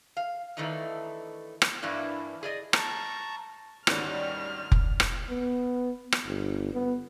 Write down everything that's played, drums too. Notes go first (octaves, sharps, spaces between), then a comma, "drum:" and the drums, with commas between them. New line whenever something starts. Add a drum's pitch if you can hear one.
F5
D#3 E3 A3 D4 D#4
drum: rim click
G2 E3 A#3 D4 E4
G#4 D5 D#5
A5 A#5 C#6, drum: rim click
D2 G#2 D#3 G3 C#4 F#4 F6, drum: rim click
drum: kick F1
drum: rim click
B3
drum: rim click
G1
B3